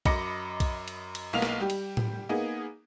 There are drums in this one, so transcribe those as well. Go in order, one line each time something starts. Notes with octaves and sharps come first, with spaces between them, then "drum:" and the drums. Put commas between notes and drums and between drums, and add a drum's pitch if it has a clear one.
F#2 D#5 B5 D6 A#6 C#7, drum: kick B1, cymbal
drum: kick B1, cymbal
drum: cymbal
drum: cymbal
B1 A#3 B3 F5 F7
drum: snare
G3 G4
drum: cymbal
drum: tom A2
A#3 B3 D#4 G#4